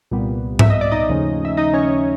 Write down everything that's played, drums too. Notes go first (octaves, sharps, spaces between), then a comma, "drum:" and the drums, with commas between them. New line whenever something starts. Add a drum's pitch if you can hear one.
C2 A#2 G3 B3
E5, drum: tom G#2
D#5
D5
D#4 D#5
D#2 C#3 F3 A3 C#4
E5
D#4 D#5
C#4 C#5